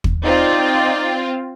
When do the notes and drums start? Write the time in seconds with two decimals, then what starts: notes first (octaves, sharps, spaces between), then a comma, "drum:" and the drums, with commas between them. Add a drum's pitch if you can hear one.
0.04 drum: kick
0.24 C4 D#4 F4 D5